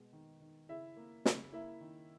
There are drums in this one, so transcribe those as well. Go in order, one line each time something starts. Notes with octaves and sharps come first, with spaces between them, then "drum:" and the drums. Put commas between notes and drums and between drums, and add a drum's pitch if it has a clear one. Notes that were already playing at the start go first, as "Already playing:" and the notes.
Already playing: B2 G#3
D#3
D#3
C#3 E4 E5
A#3
C#3, drum: snare
A#3 E4 E5
D#3